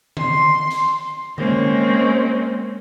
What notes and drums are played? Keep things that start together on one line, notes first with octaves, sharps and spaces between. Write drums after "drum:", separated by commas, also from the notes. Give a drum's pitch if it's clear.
C6, drum: tom D3
drum: hi-hat
G#3 A#3 C4 C#4, drum: tom D3